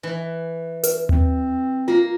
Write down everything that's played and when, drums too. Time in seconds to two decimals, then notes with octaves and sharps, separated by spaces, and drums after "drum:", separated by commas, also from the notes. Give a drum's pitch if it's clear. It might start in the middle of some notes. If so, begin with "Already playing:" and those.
0.03 E3
0.83 B4, drum: hi-hat
1.09 C4, drum: tom D#2
1.88 A#3 F4 A#4